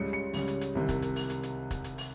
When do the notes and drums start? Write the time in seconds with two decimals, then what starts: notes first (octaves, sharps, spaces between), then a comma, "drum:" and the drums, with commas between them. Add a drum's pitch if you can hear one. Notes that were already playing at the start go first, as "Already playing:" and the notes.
Already playing: C#2 C#3 G3 C#7
0.13 C#7
0.33 C#2 C#3 G3, drum: open hi-hat
0.48 drum: hi-hat
0.61 drum: hi-hat
0.75 C2 C3 D#3
0.89 drum: kick, hi-hat
1.02 drum: hi-hat
1.16 drum: open hi-hat
1.30 drum: hi-hat
1.43 drum: hi-hat
1.71 drum: kick, hi-hat
1.84 drum: hi-hat
1.98 drum: open hi-hat